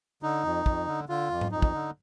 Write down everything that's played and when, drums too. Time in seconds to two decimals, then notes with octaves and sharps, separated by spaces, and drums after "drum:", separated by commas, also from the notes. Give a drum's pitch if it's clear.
0.23 D3 D#4
0.45 F2
0.66 F2, drum: kick
0.88 D3
1.09 D3 F4
1.31 F2
1.41 drum: tom G#2
1.52 F2 D#4
1.62 drum: kick
1.73 D3